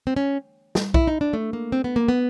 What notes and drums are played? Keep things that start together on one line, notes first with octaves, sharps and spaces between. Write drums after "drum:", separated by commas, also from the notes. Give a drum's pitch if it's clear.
C4
C#4
drum: snare
E4, drum: kick B1
D#4
D4
A3
A#3
C4
B3
A#3
B3